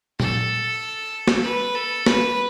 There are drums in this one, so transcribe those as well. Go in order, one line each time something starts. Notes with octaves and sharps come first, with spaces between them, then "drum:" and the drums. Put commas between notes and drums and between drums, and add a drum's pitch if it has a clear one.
A4, drum: tom A#2
drum: snare
B4
A4
B4, drum: snare